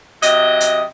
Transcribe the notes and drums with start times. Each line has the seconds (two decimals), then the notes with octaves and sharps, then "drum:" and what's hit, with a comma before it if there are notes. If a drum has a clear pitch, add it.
0.22 C3 F#3 D#5, drum: hi-hat
0.61 drum: hi-hat